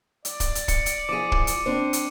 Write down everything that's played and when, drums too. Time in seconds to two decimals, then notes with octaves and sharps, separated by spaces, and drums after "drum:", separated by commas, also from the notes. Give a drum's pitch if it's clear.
0.25 D5, drum: hi-hat
0.40 drum: kick, hi-hat
0.55 drum: hi-hat
0.68 C#7, drum: kick, hi-hat
0.86 drum: hi-hat
1.09 F3 E4 G#4 D6 D#7
1.32 drum: kick
1.47 drum: hi-hat
1.66 C4 D4 C5
1.93 drum: hi-hat